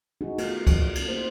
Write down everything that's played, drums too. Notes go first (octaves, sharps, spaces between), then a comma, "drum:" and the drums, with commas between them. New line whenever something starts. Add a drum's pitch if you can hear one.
D#4 F#4 G#4
A3 B3 F4 A#4, drum: cymbal
drum: kick C#2, cymbal
drum: cymbal
A#3 C5